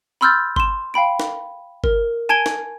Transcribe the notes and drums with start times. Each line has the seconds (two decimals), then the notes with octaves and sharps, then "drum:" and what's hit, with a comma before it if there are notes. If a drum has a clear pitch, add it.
0.21 B5 C6 E6 F6 G6 A6
0.56 C6 E7, drum: kick G1
0.94 F5 G5 B5 D7
1.20 drum: snare
1.84 A#4, drum: kick G1
2.29 G#5 A5 G#6 D7 D#7 G7
2.46 drum: snare